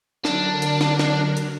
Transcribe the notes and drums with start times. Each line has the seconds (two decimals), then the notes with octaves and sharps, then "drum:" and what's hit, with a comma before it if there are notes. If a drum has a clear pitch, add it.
0.25 D3 F#3 D4 A#4, drum: snare
0.62 drum: hi-hat
0.81 drum: snare
0.99 drum: snare
1.37 drum: hi-hat